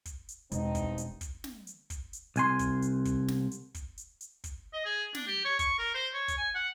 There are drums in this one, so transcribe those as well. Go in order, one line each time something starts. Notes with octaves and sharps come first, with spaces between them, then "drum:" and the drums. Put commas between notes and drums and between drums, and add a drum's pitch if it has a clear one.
drum: kick, hi-hat
drum: hi-hat
E1 G2 C4 D#4, drum: hi-hat
drum: kick, hi-hat
drum: hi-hat
drum: kick, hi-hat
drum: snare
drum: hi-hat
drum: kick, hi-hat
drum: hi-hat
C2 G#5 C6, drum: hi-hat
drum: kick, hi-hat
drum: hi-hat
drum: kick, hi-hat
drum: snare
drum: hi-hat
drum: kick, hi-hat
drum: hi-hat
drum: hi-hat
drum: kick, hi-hat
D#5
G#4
D4, drum: snare
G4
C#5
C#6, drum: kick, hi-hat
A#4
C5
C#5
drum: kick, hi-hat
G#5
F#5